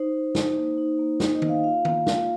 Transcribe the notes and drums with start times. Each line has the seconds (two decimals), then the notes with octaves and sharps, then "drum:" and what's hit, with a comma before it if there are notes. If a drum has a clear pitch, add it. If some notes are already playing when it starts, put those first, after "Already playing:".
Already playing: D#4 C5
0.14 D#4
0.35 D#4, drum: snare
0.56 A#3
0.78 D#4
0.99 A#3
1.20 D#4, drum: snare
1.35 D#5
1.42 A#3, drum: tom D#3
1.49 F5
1.63 F4 F5
1.85 A#3, drum: tom D#3
2.07 F4, drum: snare